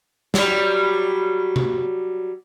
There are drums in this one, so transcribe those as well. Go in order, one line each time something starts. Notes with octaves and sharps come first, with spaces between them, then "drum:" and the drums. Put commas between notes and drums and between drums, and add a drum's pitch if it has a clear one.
F#3 G3, drum: snare
drum: tom C3